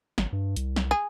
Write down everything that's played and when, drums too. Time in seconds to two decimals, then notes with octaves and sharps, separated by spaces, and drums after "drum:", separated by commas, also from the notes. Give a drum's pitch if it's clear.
0.18 G#1, drum: snare
0.33 G2
0.56 C2, drum: hi-hat
0.76 drum: snare
0.91 G#4